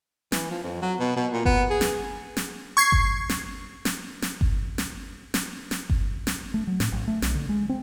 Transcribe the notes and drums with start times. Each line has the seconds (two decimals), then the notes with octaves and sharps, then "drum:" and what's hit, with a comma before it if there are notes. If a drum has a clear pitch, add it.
0.32 E3, drum: snare
0.51 F3
0.63 F2
0.82 F#3
1.00 B2
1.16 B2
1.33 A#2
1.45 B3, drum: kick G1
1.70 G#4
1.81 drum: snare
2.37 drum: snare
2.77 C#6 G#6 C7
2.92 drum: kick G1
3.29 drum: snare
3.85 drum: snare
4.22 drum: snare
4.41 drum: kick G1
4.78 drum: snare
5.34 drum: snare
5.71 drum: snare
5.90 drum: kick G1
6.27 drum: snare
6.54 A3
6.67 F#3
6.80 A2, drum: snare
6.92 A1
7.08 A3
7.22 B1, drum: snare
7.35 D3
7.49 G#3
7.69 C4